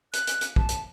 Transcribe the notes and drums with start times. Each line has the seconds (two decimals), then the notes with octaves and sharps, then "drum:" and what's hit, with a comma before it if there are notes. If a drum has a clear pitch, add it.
0.13 F#6, drum: hi-hat
0.27 drum: hi-hat
0.41 drum: hi-hat
0.56 A5, drum: kick
0.69 drum: hi-hat